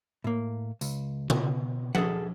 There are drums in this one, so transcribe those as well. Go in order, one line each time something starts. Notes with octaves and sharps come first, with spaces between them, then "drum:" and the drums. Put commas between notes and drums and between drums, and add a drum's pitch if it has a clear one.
A2 A#3
C#2, drum: tambourine
B2, drum: tom C#3
G#4 A4 F#5, drum: tom F3